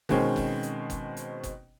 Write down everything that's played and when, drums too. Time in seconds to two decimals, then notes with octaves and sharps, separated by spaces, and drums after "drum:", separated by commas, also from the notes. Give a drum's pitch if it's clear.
0.09 B2 D#3 G#3 C4 C#4, drum: kick F#1, open hi-hat
0.36 drum: kick F#1, open hi-hat
0.63 drum: hi-hat
0.90 drum: kick F#1, hi-hat
1.17 drum: hi-hat
1.43 drum: kick F#1, hi-hat